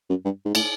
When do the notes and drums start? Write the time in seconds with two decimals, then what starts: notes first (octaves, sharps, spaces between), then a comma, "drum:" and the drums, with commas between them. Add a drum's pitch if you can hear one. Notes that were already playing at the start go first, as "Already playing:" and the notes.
0.09 F#2
0.25 G2
0.45 G#2
0.55 A2, drum: cymbal